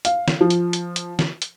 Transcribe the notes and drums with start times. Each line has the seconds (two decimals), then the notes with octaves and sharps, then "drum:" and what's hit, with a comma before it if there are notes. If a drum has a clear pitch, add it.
0.05 F5, drum: hi-hat
0.28 drum: snare
0.41 F3
0.50 drum: hi-hat
0.73 drum: hi-hat
0.96 drum: hi-hat
1.19 drum: snare
1.42 drum: hi-hat